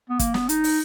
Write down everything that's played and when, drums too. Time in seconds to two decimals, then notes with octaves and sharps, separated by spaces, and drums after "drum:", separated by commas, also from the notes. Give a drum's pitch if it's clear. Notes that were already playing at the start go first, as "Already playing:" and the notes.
0.09 B3
0.19 A#3, drum: kick, hi-hat
0.34 B3, drum: snare
0.49 D#4, drum: hi-hat
0.64 drum: open hi-hat